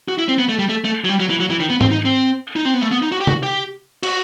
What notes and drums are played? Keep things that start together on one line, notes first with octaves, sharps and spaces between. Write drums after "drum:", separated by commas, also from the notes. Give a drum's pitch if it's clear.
F#4
E4
C4
B3
A3
G3
A3
A3
F#3
G3
F#3
E3
F#3
E3
D#3
B3
C4, drum: tom G#2
D#4
C4
D#4
C4
B3
A3
B3
D#4
F#4
G4
F#4, drum: tom C3
G4
F#4, drum: cymbal